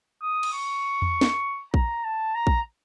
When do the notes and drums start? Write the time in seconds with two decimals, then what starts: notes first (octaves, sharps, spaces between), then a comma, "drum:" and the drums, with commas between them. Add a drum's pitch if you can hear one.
0.22 D#6
0.43 drum: cymbal
0.53 C#6
1.02 drum: tom E2
1.21 drum: snare
1.74 A#5, drum: kick A#1
2.04 A5
2.35 A#5
2.47 drum: kick A#1